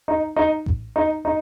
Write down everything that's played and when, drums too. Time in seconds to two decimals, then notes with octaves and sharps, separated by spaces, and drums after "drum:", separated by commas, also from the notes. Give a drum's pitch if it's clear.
0.08 D#4
0.36 D#4
0.66 drum: kick A1
0.96 D#4
1.25 D#4